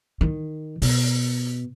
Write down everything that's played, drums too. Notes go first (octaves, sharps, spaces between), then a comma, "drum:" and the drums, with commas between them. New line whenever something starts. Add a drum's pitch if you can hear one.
D#3
B2, drum: open hi-hat